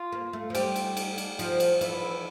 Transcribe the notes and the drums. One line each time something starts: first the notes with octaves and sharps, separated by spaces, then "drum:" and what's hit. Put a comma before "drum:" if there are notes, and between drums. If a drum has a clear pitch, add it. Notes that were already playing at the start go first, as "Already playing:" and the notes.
Already playing: F4
A#3
A3
F3
G3 G4, drum: cymbal
drum: cymbal
drum: cymbal
drum: cymbal
F3, drum: cymbal
drum: cymbal
E3, drum: cymbal